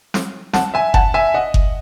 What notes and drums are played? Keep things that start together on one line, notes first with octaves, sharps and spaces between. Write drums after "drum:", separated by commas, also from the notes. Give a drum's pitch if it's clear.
drum: snare
F#5 A5, drum: snare
E5 G#5
F#5 A5, drum: kick F#1
E5 G#5
D#5 F#5
drum: kick F#1